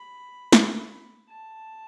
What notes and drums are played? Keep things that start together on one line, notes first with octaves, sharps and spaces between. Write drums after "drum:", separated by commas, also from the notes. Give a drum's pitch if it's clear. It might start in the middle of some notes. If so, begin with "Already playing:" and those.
Already playing: B5
drum: snare
A5